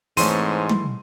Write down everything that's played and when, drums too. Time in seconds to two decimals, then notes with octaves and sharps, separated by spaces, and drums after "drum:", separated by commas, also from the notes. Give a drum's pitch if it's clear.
0.17 G#2 E3 A3 C4 C#4 A5 C6 D#7, drum: open hi-hat
0.69 drum: tom